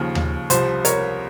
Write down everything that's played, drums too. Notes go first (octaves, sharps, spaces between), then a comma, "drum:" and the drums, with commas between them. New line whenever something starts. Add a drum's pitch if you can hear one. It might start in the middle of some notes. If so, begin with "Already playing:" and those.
Already playing: D#2 C#3 F3
drum: tom D#2
C2 C3 F3 C5, drum: hi-hat
A#4 C#5, drum: hi-hat